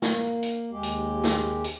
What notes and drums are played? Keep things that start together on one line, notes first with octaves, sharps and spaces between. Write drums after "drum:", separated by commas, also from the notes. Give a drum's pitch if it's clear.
A#3, drum: snare
drum: hi-hat
D#2 G#3 G4
drum: hi-hat
drum: snare
drum: hi-hat